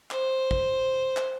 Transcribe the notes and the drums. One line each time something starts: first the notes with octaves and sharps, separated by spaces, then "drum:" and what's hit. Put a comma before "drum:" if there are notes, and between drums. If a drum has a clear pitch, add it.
C5, drum: clap
drum: kick
drum: clap